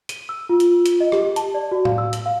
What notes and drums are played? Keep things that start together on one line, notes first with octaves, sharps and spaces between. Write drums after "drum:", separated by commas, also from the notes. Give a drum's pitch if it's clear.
D#7, drum: hi-hat
E6
F4
drum: hi-hat
drum: hi-hat
D#5
G4, drum: rim click
A5, drum: hi-hat
D5
F#4
F5, drum: tom A2
E6
drum: hi-hat
F5